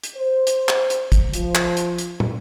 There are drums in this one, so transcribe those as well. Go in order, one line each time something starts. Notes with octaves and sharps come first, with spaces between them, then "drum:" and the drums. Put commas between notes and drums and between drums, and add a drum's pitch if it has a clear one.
drum: hi-hat
C5
drum: hi-hat
drum: clap
drum: hi-hat
drum: kick, hi-hat
F3, drum: hi-hat
drum: clap
drum: hi-hat
drum: hi-hat
drum: tom